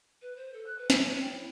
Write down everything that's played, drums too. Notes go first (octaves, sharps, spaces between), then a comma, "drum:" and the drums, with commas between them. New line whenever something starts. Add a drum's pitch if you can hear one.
B4
C5
A4
F#6
B4
G#5, drum: snare
C#5
G5
E4